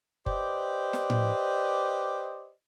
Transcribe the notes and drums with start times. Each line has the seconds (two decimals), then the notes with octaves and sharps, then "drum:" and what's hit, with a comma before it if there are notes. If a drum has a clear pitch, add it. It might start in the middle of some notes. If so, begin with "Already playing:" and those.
0.26 G4 B4 C5 D5 D#5, drum: kick F#1
0.93 drum: snare
1.10 drum: tom A2